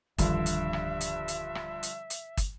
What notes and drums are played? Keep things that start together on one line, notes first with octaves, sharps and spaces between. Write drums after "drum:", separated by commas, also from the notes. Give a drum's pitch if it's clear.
D1 G2 D3 D#3 F3 D4 E5, drum: kick, hi-hat
drum: hi-hat
drum: rim click
drum: hi-hat
drum: hi-hat
drum: rim click
drum: hi-hat
drum: hi-hat
drum: kick, hi-hat